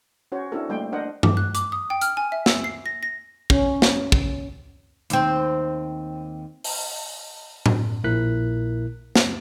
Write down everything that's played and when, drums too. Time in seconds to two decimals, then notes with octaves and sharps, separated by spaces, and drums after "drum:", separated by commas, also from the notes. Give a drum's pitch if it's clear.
0.32 C#4 F#4 C5 C#5
0.52 C4 D4 E4 F#4 A4 A#4
0.69 G3 A3 A#3 C5 G5
0.92 D4 A#4 C5 D#5 F#5
1.23 D6, drum: tom G2
1.37 F#6
1.55 D6, drum: hi-hat
1.72 D#6
1.90 G5
2.01 F6, drum: hi-hat
2.17 G#5
2.32 E5
2.46 E6, drum: snare
2.64 C7
2.86 A#6
3.03 A#6
3.50 C#4, drum: kick
3.82 drum: snare
4.12 drum: kick
5.10 D#2 C4, drum: hi-hat
6.64 drum: open hi-hat
7.66 drum: tom A2
8.04 A#1 A#2 E4 A#4 F#6 B6
9.16 drum: snare